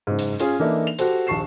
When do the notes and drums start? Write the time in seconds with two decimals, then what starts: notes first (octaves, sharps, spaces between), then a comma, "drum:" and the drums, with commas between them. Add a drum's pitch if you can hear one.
0.07 F#1 G#2
0.19 drum: hi-hat
0.40 C#4 F4 G#4, drum: hi-hat
0.59 E3 A#3 D4 D#4 A4 E5
0.87 F7
0.99 F#4 G4 A4 C5, drum: hi-hat
1.27 A#1 D#2 A5 C#6 C7 E7